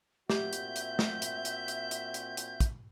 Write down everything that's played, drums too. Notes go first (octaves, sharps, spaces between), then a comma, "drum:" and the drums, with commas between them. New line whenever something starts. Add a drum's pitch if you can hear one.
A#2 C4 F#4 G4 E5 G6, drum: snare
drum: hi-hat
drum: hi-hat
drum: snare
drum: hi-hat
drum: hi-hat
drum: hi-hat
drum: hi-hat
drum: hi-hat
drum: hi-hat
drum: kick, hi-hat